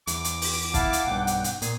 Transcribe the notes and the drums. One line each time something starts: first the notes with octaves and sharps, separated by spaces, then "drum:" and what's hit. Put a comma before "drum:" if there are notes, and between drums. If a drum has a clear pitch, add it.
E2 D6, drum: hi-hat
drum: hi-hat
drum: open hi-hat
E4 F5 F#5 A5, drum: kick, hi-hat
drum: hi-hat
B1 G2 G5
drum: hi-hat
drum: hi-hat
A#2 G#4, drum: hi-hat